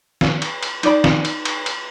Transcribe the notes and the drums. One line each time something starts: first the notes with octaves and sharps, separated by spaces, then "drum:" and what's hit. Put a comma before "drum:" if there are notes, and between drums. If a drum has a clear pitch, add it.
drum: snare
drum: cymbal
drum: cymbal
D#4 D5 B5, drum: cymbal
drum: snare
drum: cymbal
drum: cymbal
drum: cymbal